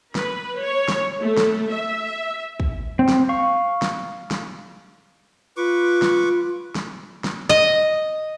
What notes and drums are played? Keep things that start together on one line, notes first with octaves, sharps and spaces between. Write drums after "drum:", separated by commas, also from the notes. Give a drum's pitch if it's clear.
B4, drum: snare
C#5
drum: snare
A3
drum: snare
E5
drum: kick
C4
drum: snare
F5 C#6
drum: snare
drum: snare
F4 B4 C#6 D6
drum: snare
drum: snare
drum: snare
D#5